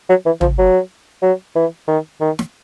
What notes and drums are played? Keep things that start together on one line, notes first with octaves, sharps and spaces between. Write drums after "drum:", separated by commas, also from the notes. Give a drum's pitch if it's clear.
F#3
E3
F3, drum: tom
F#3
F#3
E3
D#3
D#3
drum: snare